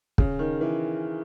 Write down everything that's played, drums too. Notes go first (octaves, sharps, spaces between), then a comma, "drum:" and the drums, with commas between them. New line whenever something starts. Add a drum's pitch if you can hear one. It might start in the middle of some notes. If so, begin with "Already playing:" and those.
C#3, drum: kick
D#3
E3